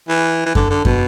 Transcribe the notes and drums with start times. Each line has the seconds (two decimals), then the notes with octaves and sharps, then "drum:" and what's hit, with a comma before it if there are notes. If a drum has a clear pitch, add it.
0.08 E3
0.46 E3
0.55 D3, drum: kick F#2
0.70 D3
0.85 B2, drum: kick F#2